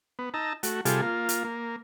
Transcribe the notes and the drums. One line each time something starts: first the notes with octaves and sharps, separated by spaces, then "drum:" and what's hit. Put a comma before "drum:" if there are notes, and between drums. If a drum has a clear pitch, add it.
B3
D#4 A5 A#5 E6
A3 F#4, drum: hi-hat
C3 G3 F4 G#4 A4, drum: hi-hat
A#3 F4
drum: hi-hat
A#3